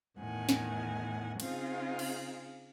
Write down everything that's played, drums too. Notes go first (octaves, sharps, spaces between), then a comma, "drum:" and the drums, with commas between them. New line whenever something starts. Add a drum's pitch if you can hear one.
E2 A2 D#3 F#5 G#5
drum: snare
C#3 C4 D#4 F4 G#4, drum: cymbal
drum: cymbal